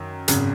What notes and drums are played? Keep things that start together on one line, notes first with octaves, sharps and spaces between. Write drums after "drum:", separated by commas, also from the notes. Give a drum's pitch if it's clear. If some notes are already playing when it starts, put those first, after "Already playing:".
Already playing: F#2 D#3
G#1 F#2 C#3, drum: hi-hat